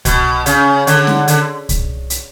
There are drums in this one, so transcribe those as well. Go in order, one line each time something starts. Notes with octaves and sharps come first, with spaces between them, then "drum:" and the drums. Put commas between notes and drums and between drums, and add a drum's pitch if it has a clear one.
B2, drum: kick C2, hi-hat
C#3, drum: hi-hat
D3, drum: hi-hat
drum: snare C#4
D3, drum: hi-hat
drum: kick C2, hi-hat
drum: hi-hat